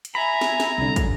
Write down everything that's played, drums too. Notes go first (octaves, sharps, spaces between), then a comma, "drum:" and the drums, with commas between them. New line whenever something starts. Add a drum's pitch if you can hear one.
drum: hi-hat
E5 G#5 A#5 B5
drum: snare
drum: snare
C2 D3
drum: kick, hi-hat